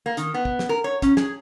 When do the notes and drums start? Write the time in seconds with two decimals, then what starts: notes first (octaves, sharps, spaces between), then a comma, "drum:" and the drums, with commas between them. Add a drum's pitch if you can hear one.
0.06 A#3
0.17 D#3, drum: hi-hat
0.34 B3
0.45 drum: kick
0.59 drum: snare
0.69 A#4
0.84 C#5
1.02 C#4, drum: kick, hi-hat
1.17 G#4, drum: snare